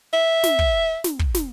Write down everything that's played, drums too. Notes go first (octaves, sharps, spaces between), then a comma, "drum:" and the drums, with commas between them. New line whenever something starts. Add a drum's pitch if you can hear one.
E5
drum: snare
drum: kick
drum: snare
drum: kick
drum: snare